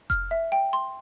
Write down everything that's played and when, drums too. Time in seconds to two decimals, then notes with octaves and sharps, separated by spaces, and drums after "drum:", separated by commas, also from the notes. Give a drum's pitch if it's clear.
0.10 F6, drum: kick F1, hi-hat
0.31 E5
0.52 G5
0.73 C6